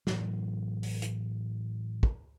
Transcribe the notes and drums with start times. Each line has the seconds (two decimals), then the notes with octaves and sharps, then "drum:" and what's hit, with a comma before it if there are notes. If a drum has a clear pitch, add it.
0.07 A2 E3 F#3, drum: snare
0.83 drum: open hi-hat
1.02 drum: hi-hat
2.03 drum: kick